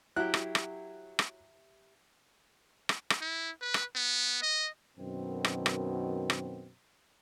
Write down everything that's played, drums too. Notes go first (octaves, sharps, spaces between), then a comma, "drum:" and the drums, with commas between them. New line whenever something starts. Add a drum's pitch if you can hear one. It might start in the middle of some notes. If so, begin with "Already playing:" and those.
F#3 E4 G4 F#6
drum: rim click
drum: rim click
drum: rim click
drum: rim click
drum: rim click
E4
B4
drum: rim click
B3
D#5
F#2 B2 D#3 C4
drum: rim click
drum: rim click
drum: rim click